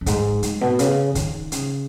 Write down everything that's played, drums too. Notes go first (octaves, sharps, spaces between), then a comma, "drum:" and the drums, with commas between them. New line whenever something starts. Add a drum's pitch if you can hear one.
F#2
G#2, drum: kick, hi-hat
G#2, drum: hi-hat
B2
C#3, drum: hi-hat
D#3, drum: kick, hi-hat
C#3, drum: hi-hat